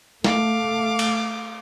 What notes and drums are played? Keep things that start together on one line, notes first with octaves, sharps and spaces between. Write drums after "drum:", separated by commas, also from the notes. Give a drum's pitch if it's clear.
A3 F5 D6, drum: snare
drum: cymbal